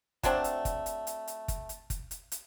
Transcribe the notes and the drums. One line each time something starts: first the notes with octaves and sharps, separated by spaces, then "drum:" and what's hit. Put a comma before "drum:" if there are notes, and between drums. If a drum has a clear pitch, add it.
F#3 A3 C4 D4, drum: kick, hi-hat
drum: hi-hat
drum: kick, hi-hat
drum: hi-hat
drum: hi-hat
drum: hi-hat
drum: kick, hi-hat
drum: hi-hat
drum: kick, hi-hat
drum: hi-hat
drum: hi-hat